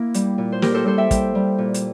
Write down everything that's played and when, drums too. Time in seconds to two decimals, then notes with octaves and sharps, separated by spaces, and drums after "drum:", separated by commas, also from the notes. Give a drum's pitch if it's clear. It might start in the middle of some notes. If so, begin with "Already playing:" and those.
Already playing: A#3 E4
0.14 G3, drum: hi-hat
0.38 A#2
0.52 C5
0.62 A#3 G4 A#4, drum: snare
0.74 A4 C5
0.85 G3 A4 C5
0.98 E5 G5
1.11 G3, drum: kick, hi-hat
1.35 G3
1.58 A#2
1.74 drum: hi-hat